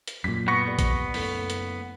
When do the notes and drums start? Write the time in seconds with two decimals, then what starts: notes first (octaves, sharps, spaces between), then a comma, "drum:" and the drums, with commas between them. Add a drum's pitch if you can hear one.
0.07 drum: hi-hat
0.24 F#2 A#2 B6
0.48 B2 B3 C#6 A#6 C#7
0.67 G4 D5
0.79 drum: kick, hi-hat
1.14 F#1 A3 B6, drum: open hi-hat
1.50 drum: hi-hat